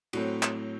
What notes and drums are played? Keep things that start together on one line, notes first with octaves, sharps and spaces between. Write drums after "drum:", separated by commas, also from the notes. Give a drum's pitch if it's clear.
A2 F#3 A3 C4 F#4, drum: cymbal
drum: clap